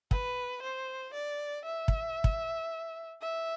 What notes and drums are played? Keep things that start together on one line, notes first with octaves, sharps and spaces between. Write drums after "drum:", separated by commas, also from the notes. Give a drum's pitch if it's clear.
B4, drum: kick
C5
D5
E5
drum: kick
drum: kick
E5